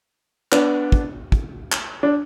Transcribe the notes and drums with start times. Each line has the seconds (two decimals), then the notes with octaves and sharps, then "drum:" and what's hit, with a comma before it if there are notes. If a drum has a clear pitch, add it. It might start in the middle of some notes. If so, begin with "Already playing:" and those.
0.52 B3 D4, drum: clap
0.92 drum: kick
1.32 drum: kick
1.72 drum: clap
2.03 D4